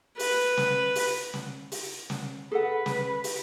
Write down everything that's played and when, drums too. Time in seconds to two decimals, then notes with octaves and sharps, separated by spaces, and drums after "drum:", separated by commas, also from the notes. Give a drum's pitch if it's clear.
0.19 B4, drum: open hi-hat
0.57 drum: snare
0.95 drum: open hi-hat
1.34 drum: snare
1.72 drum: open hi-hat
2.10 drum: snare
2.51 G#4 A4 B4 F#5
2.86 drum: snare
3.24 drum: open hi-hat